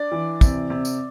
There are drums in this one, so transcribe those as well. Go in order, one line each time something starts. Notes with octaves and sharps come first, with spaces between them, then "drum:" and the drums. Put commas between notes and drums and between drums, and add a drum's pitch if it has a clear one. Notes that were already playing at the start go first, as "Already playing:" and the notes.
Already playing: D4 D5
E3
C3, drum: kick, tambourine
C3
drum: tambourine